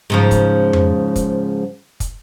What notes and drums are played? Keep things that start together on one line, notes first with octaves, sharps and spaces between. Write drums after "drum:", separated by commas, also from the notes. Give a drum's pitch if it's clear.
G#2 C#3 F3
drum: kick, hi-hat
drum: tom F2
drum: kick, hi-hat
drum: kick, hi-hat